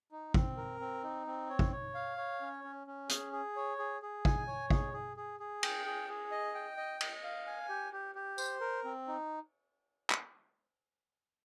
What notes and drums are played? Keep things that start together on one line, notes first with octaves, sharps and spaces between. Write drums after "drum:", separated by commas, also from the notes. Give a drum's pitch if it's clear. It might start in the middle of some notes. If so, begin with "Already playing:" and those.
D#4
C4, drum: kick
A#4
C4
D#4
C4
C#5
drum: kick
C#5
F5
C#5
C#4
C#4
C#4
G#4, drum: hi-hat
G#4
C#5
G#4
G#4
G#5, drum: kick
C#5
G#4, drum: kick
G#4
G#4
G#4
G5, drum: cymbal
G#4
G#4
D#5
G5
D#5
D#5, drum: cymbal
F5
G#5
G4
G4
G4
C5, drum: tambourine
A#4
C4
D#4
drum: clap